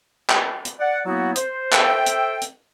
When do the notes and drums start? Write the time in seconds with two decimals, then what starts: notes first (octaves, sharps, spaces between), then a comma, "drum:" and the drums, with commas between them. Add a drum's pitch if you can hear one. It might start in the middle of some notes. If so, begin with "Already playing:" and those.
0.30 drum: clap
0.65 drum: hi-hat
0.79 D5 F#5
1.05 F#3 A#3 B3 E4 F#4
1.36 C5, drum: hi-hat
1.72 A4 C5 E5 G5, drum: clap
2.06 drum: hi-hat
2.41 drum: hi-hat